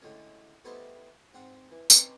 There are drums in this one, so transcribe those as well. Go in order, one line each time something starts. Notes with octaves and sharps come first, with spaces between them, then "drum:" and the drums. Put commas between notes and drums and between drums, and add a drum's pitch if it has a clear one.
A2 D3 G#3 C#4
G3 A3 B3 E4 C5 D#5
G#2 C4 F#5
E3
C4 C#4 D#4 B4 C5 D5, drum: tambourine